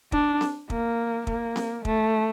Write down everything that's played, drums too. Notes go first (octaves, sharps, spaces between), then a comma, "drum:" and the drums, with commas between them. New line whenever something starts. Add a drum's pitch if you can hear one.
D4, drum: kick
drum: snare C4
A#3, drum: kick
A#3, drum: kick
drum: snare C4
A3, drum: kick